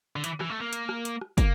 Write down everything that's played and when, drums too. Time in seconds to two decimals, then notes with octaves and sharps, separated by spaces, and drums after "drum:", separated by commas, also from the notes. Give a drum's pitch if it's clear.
0.16 D3
0.24 E3, drum: hi-hat
0.40 E3, drum: rim click
0.50 A3
0.62 A#3
0.73 drum: hi-hat
0.89 drum: rim click
1.05 drum: hi-hat
1.21 drum: rim click
1.38 A#3, drum: kick, hi-hat